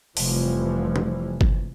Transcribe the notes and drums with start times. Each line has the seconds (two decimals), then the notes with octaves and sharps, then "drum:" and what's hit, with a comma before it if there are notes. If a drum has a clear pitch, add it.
0.17 F1 E3 F3 G3, drum: open hi-hat
0.96 drum: tom C3
1.41 drum: kick